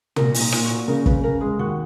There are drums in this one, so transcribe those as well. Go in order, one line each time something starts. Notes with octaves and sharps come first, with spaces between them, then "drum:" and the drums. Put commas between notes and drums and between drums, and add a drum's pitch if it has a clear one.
A#2 A#4, drum: tom
A#2, drum: open hi-hat
D#4
A#2, drum: rim click
F#4
A#2
C#3 A#4
C#3 B4, drum: kick
C#3 A#4
G#3 G#4
D#2 F#4